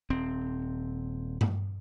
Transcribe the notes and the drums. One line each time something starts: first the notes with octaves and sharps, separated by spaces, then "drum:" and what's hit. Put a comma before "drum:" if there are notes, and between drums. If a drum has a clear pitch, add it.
D#1 C4
drum: tom G2